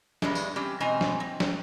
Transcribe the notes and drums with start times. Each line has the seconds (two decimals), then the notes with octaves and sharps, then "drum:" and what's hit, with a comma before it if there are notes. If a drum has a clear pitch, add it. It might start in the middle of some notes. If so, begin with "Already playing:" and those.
0.22 E2 G2 G3 G#3, drum: snare
0.35 drum: tambourine
0.56 G3 C4 C#4 G4
0.80 B2 E3 G#3 C4 G#5 A#5
1.01 drum: snare
1.20 C4
1.40 drum: snare